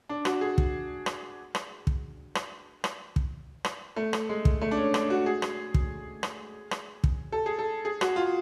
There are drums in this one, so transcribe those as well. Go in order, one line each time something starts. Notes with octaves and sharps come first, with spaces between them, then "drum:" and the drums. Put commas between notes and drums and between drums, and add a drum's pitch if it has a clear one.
D4
F#4, drum: rim click
G#4
drum: kick
drum: rim click
drum: rim click
drum: kick
drum: rim click
drum: rim click
drum: kick
drum: rim click
A3
drum: rim click
G#3
drum: kick
A3
D4
C#4
D4, drum: rim click
F#4
G#4
drum: rim click
drum: kick
drum: rim click
drum: rim click
drum: kick
A4
G#4
A4
G#4
F#4, drum: rim click
F4